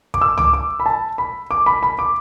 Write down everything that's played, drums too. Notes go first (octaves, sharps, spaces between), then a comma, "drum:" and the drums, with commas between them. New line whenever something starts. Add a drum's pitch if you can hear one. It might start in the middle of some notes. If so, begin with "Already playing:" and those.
D6, drum: kick
E6
D6, drum: tom C#2
D6
B5
A5
B5
D6
B5
B5
D6